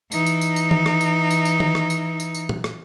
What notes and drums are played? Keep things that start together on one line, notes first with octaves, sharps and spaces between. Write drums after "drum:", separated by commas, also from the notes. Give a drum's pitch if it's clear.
E3 D#4, drum: tambourine
drum: tambourine
drum: tambourine
drum: tambourine
drum: tom D#3
drum: rim click
drum: tambourine
drum: tambourine
drum: tambourine
drum: tom D#3
drum: rim click
drum: tambourine
drum: tambourine
drum: tambourine
drum: tom
drum: rim click